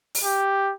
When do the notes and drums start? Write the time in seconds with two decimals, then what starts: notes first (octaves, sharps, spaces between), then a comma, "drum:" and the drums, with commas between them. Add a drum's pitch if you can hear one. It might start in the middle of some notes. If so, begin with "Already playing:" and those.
0.15 drum: open hi-hat
0.24 G4